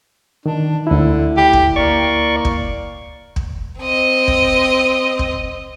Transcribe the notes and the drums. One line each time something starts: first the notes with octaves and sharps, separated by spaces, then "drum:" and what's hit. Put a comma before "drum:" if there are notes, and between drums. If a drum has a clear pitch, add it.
D#3 D4
D2 D3 E4
G4
drum: kick
A#3 D5 C#6
drum: kick
drum: kick
C4 D#5
drum: kick
drum: kick